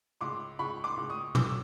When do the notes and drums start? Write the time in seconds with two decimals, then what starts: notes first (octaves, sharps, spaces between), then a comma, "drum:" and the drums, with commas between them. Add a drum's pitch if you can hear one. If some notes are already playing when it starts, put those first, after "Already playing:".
0.21 C#2 C6 D6
0.59 C#2 B5 C#6
0.84 C6 D6
0.97 C#2
1.09 C#6 D#6
1.35 F#3 D6 E6, drum: tom